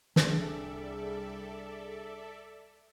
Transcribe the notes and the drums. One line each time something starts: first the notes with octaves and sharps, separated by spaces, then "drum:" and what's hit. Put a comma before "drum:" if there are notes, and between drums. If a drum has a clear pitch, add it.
C2 G3 D4 G#4 A4 D5 E5, drum: snare